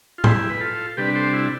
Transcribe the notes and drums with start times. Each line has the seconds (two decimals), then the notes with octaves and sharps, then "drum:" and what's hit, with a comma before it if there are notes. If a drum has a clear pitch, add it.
0.18 F4
0.24 E4 G4, drum: tom A2
0.49 B4
0.61 F4 A4
0.97 C3 G3 D4 G4 B4
1.15 A4 C5
1.33 E4